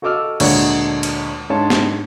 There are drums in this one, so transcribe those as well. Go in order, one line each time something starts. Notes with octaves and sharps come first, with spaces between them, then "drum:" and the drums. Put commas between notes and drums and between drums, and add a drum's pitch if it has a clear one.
F#4 A4 D#5 D6 E6 F6
D2 A#2 G#3 C#5 D5 F#5, drum: cymbal
drum: cymbal
G#2 G#3 D4 C#5 A5 C6
drum: snare B3